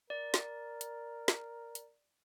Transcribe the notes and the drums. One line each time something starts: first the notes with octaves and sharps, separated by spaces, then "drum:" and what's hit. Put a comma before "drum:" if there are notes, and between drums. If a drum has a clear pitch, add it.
A#4 D5
drum: snare
drum: hi-hat
drum: snare
drum: hi-hat